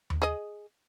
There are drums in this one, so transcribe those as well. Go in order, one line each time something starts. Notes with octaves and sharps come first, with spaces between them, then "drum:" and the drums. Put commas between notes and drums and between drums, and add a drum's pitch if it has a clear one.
drum: tom D#2
G#4 D#5